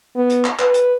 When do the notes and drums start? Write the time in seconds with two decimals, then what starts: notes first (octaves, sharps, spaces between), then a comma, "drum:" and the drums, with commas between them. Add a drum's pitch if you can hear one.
0.16 B3
0.30 drum: hi-hat
0.45 drum: clap
0.59 B4, drum: clap
0.74 drum: hi-hat